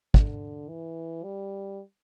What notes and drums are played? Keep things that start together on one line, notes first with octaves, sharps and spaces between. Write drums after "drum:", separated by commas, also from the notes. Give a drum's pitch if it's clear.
D3, drum: kick
E3
G3